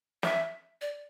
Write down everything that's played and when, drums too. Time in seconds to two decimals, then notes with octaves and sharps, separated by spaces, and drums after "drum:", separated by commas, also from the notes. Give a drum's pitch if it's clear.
0.23 E5, drum: snare
0.81 D5